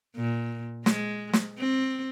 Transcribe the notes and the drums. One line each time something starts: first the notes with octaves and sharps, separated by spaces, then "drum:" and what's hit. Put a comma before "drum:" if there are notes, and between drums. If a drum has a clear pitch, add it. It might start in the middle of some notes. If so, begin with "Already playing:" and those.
A#2
G#3, drum: snare
drum: snare
C4